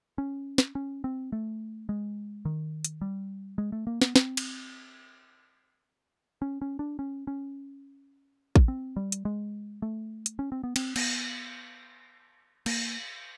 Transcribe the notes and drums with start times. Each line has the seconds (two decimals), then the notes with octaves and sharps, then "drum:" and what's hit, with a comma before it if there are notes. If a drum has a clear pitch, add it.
0.18 C#4
0.58 drum: snare
0.75 C#4
1.04 C4
1.32 A3
1.89 G#3
2.45 D#3
2.85 drum: hi-hat
3.01 G3
3.58 G#3
3.72 A3
3.87 A#3
4.01 B3, drum: snare
4.16 C4, drum: snare
4.37 drum: cymbal
6.42 C#4
6.61 C#4
6.79 D4
6.99 C#4
7.27 C#4
8.56 drum: kick A1
8.68 C4
8.96 G3
9.12 drum: hi-hat
9.25 G#3
9.82 A3
10.26 drum: hi-hat
10.39 C#4
10.52 C4
10.64 B3
10.76 C4, drum: cymbal
10.96 B3, drum: cymbal
12.66 A#3, drum: cymbal